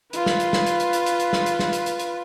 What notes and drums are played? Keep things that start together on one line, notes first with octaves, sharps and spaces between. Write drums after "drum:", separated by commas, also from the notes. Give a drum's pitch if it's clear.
F4 B4, drum: hi-hat
drum: snare
drum: hi-hat
drum: snare
drum: hi-hat
drum: hi-hat
drum: hi-hat
drum: hi-hat
drum: hi-hat
drum: snare
drum: hi-hat
drum: snare
drum: hi-hat
drum: hi-hat
drum: hi-hat